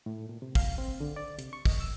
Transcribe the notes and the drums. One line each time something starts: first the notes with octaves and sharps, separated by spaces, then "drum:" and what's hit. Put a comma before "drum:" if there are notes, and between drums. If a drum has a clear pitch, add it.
A2
A#2
C3
F5, drum: kick, open hi-hat
C4
D3
D5
C3, drum: hi-hat
C#6
D#5, drum: kick, open hi-hat
E6